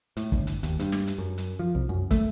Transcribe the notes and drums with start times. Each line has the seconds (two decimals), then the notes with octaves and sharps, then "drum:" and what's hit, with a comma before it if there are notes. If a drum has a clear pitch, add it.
0.17 A2, drum: hi-hat
0.32 G1, drum: kick
0.47 drum: hi-hat
0.63 D#2, drum: hi-hat
0.80 G2, drum: hi-hat
0.92 drum: snare
1.07 drum: hi-hat
1.18 F#2
1.38 drum: hi-hat
1.59 F3
1.75 C2
1.89 F#2
2.11 A3, drum: kick, hi-hat